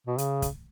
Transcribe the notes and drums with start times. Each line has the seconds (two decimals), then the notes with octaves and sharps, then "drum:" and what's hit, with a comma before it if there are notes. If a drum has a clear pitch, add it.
0.07 B2
0.18 C#3, drum: hi-hat
0.42 drum: kick, hi-hat